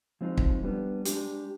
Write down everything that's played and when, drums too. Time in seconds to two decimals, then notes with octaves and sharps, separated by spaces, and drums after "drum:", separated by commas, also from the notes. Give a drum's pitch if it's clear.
0.21 F3 G#3 C4 D#4
0.38 drum: kick
0.63 G3 B3 D4
1.05 G#3 D4 G4, drum: hi-hat